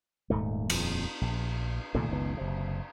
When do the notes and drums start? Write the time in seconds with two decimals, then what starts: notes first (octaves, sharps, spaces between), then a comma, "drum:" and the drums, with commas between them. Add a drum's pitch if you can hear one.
0.30 D#1 G#2 A3
0.70 D#1 F2, drum: cymbal
1.21 A#1
1.95 C2 A#2 D#3 A3
2.08 F#1 C#2 D#3 B3
2.37 F#1 C3